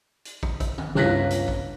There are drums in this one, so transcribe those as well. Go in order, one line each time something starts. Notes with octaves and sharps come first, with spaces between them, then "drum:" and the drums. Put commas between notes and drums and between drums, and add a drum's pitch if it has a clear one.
drum: hi-hat
drum: kick
drum: kick, hi-hat
drum: tom D3
G1 C#2 F#6 A#6 B6, drum: snare
drum: hi-hat
drum: kick